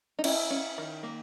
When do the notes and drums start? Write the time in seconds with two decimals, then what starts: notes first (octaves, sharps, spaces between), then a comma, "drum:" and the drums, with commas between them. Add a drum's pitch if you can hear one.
0.19 D#4
0.24 C#4 E4, drum: cymbal
0.50 C#4
0.78 D#3
1.03 A#3